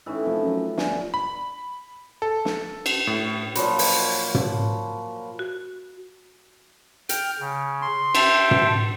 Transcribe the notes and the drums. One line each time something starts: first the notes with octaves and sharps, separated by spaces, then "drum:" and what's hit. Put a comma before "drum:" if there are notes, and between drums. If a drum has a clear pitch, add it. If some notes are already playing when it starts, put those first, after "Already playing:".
A2 E3 C#4 D#4 E4 E5
F1 F3 F4
F#2
G1 D5 G#5, drum: snare
B5
A4
drum: snare
drum: cymbal
A2
A#2 F3 F#3 B5, drum: hi-hat
drum: open hi-hat
drum: tom
F#4
G5 F6, drum: hi-hat
C#3
C6
E5 G5 A5, drum: cymbal
drum: tom